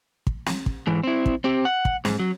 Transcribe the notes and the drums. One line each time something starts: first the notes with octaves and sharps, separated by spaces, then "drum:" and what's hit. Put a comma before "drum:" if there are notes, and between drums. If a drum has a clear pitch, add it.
drum: kick
drum: snare
drum: kick
G#2 E3
C4 E4
drum: kick
C4 G4
F#5
drum: kick
G#2, drum: snare
F#3